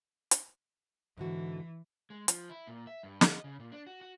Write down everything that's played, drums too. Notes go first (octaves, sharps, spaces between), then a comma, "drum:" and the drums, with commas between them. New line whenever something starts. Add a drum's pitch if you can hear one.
drum: hi-hat
G#2 D3 E3 F#4
G#3
F3, drum: hi-hat
E4
A#2
E5
G2
D#5, drum: snare
C#3
A#2
D4
F#4
F#4